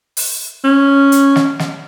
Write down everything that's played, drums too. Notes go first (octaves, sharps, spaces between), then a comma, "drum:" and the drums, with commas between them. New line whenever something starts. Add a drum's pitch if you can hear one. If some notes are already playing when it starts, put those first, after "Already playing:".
drum: open hi-hat
C#4
drum: hi-hat
drum: snare
drum: snare